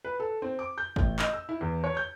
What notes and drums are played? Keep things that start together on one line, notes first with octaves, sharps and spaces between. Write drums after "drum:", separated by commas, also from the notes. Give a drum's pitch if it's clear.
B4
A4
C4
D6
G6
A1, drum: kick
D#5, drum: clap
E6
E4
E2
C#5
G6